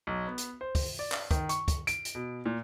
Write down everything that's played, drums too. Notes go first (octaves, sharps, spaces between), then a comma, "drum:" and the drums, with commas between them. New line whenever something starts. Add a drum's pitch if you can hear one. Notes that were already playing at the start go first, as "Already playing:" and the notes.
B1
B3
drum: hi-hat
C5
drum: kick, open hi-hat
D5
drum: clap
D#3, drum: kick, hi-hat
C#6, drum: hi-hat
drum: kick, hi-hat
D7, drum: hi-hat
drum: hi-hat
B2
A#2